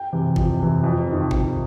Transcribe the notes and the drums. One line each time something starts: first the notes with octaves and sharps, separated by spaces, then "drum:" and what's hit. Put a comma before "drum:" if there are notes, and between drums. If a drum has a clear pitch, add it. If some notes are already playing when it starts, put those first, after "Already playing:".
Already playing: G5
C3 E3
F2, drum: kick
C3 E3
F2
C3 D#3
F2, drum: kick